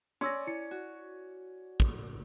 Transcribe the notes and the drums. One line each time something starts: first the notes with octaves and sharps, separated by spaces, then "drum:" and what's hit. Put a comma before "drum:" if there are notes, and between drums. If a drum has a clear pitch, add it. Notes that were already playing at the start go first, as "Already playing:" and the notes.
C#4 D5 C6 E6 A#6
E4 C#7
F#4
drum: kick